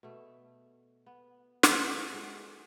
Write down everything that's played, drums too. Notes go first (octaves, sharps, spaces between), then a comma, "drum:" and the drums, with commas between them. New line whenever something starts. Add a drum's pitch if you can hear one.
B2 A3
B3
drum: snare
G4 G#4 A#4 C#5
G#3 F#4 A4